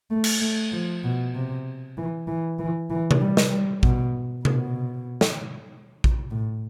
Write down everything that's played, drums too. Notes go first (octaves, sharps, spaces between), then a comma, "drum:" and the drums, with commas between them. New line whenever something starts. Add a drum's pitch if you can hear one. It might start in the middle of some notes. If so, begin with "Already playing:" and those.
A3
drum: cymbal
A3
F3
B2
C3
E3
E3
E3
E3
drum: tom C3
G3
drum: snare
G3
B2, drum: kick A#1
B2, drum: tom C3
drum: snare
drum: kick A#1
A2